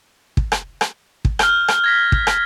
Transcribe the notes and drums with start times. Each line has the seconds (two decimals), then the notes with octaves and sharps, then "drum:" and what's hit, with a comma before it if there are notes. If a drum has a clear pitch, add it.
0.37 drum: kick
0.52 drum: rim click
0.81 drum: rim click
1.25 drum: kick
1.39 F6 G6 G7, drum: rim click
1.68 drum: rim click
1.84 G#6 A#6 B6
2.12 drum: kick
2.27 drum: rim click